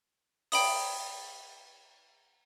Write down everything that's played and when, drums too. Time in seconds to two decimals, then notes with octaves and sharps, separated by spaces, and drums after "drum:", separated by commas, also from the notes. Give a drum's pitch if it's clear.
0.52 G5 B5 D#6, drum: open hi-hat